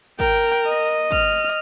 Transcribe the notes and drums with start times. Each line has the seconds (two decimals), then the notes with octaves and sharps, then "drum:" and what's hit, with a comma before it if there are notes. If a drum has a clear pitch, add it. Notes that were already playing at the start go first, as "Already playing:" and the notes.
0.20 A#4 G5, drum: kick
0.67 D#5
1.12 F6, drum: kick